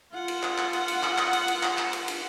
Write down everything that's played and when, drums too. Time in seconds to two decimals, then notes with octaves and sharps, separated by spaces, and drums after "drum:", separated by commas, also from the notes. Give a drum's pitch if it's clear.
0.13 F4 F#5
0.28 drum: cymbal
0.43 drum: clap
0.58 drum: clap
0.73 drum: cymbal
0.88 drum: cymbal
1.03 drum: clap
1.18 drum: clap
1.33 drum: cymbal
1.48 drum: cymbal
1.63 drum: clap
1.78 drum: clap
1.93 drum: cymbal
2.08 drum: cymbal